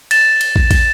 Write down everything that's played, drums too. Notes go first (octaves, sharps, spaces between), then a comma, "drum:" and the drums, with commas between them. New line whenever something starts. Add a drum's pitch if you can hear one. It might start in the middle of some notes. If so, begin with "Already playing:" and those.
A6 E7, drum: cymbal
drum: cymbal
drum: kick
drum: kick, cymbal